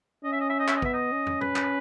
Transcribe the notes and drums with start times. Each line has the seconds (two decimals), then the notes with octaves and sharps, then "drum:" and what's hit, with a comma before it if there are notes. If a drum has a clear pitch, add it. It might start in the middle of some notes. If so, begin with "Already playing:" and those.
0.24 C#4 D#5
0.33 E5
0.41 D#5
0.50 E5
0.59 D#5
0.68 E5, drum: clap
0.76 D#5
0.82 B3 E5, drum: kick
0.93 D#5
1.12 C#4
1.26 drum: tom
1.41 B4, drum: tom
1.56 drum: clap